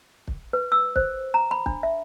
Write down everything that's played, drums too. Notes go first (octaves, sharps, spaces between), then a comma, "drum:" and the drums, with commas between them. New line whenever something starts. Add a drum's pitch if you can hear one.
drum: kick
B4
E6
C5, drum: kick
A#5
B5
D4, drum: kick
E5